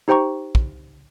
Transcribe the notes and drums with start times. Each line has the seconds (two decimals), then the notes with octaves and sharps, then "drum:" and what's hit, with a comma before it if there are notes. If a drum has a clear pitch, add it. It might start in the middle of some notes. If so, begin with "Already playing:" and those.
0.08 D#4 G4 C5 G5 A#5 C#6
0.55 drum: kick